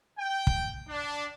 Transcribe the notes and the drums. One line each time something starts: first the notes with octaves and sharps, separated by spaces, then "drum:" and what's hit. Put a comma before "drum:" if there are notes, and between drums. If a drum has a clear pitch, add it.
G5
drum: kick
D4